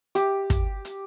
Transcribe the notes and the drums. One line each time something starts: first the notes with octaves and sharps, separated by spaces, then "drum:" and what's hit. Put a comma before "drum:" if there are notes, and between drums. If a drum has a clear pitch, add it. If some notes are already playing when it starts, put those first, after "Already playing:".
G4, drum: hi-hat
drum: kick, hi-hat
drum: hi-hat